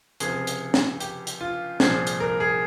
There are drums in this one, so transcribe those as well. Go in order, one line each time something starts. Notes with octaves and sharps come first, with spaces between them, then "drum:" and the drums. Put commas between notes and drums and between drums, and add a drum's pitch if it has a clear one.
C#2 C3 F3 G#4, drum: hi-hat
drum: hi-hat
drum: snare
G4, drum: hi-hat
drum: hi-hat
F4
C2 A#2 F3 G#4, drum: snare
drum: hi-hat
A#4
G#4